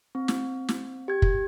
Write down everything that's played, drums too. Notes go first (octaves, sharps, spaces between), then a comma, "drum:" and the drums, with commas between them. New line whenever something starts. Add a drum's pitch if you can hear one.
C4
drum: snare
drum: snare
G4 G#6
drum: kick